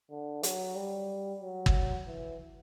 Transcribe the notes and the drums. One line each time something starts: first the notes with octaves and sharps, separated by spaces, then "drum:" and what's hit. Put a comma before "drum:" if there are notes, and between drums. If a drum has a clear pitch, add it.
D3
F#3, drum: hi-hat
G3
F#3
drum: kick
E3